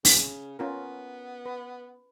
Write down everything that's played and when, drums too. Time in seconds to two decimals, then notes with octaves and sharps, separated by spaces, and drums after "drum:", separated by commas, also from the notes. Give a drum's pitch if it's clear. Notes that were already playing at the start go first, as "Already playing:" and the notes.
0.05 C#3, drum: open hi-hat
0.59 B3 C#4 F4 A#4
1.46 B4